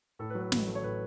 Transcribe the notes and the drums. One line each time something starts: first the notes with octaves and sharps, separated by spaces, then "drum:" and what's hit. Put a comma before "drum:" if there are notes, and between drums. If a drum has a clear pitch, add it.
A2 A4
B4
F#3
B4
A1, drum: snare
A3
C#5
A2 B4